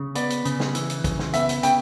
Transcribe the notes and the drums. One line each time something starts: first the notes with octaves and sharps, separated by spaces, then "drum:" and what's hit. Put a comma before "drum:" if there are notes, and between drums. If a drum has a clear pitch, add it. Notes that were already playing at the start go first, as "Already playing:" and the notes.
Already playing: C#3
B3 D5, drum: hi-hat
drum: hi-hat
C#3, drum: hi-hat
drum: snare
E3, drum: hi-hat
drum: hi-hat
C#3, drum: kick, hi-hat
drum: snare
B3 E5, drum: hi-hat
drum: hi-hat
C#3 G5, drum: hi-hat